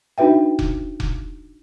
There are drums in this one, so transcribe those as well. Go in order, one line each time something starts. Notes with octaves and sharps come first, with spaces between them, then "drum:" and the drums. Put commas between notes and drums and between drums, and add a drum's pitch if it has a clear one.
D4 D#4 F#4 B4 E5 G5
drum: kick F1
drum: kick F1